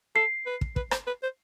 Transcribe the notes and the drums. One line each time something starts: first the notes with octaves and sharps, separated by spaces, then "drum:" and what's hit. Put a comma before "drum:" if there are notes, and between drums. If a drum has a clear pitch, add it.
A4 C7
B4
drum: kick
B4, drum: kick
C5, drum: rim click
B4
C5